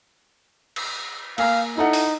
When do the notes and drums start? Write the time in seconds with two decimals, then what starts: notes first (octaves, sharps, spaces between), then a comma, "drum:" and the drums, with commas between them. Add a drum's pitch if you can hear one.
0.76 drum: cymbal
1.38 A#3 F5 G#5 A#5, drum: cymbal
1.77 D#4 E4 A4 F#5
1.93 drum: open hi-hat